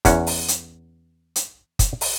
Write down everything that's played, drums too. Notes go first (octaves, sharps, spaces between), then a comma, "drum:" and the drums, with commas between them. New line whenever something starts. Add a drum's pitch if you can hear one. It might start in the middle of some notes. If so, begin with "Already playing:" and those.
E2 C#4 F#5, drum: kick, hi-hat
drum: open hi-hat
drum: hi-hat
drum: hi-hat
drum: kick, hi-hat
drum: open hi-hat